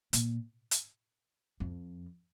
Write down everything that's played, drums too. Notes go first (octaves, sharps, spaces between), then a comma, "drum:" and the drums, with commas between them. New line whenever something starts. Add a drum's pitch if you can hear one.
A#2, drum: hi-hat
drum: hi-hat
F2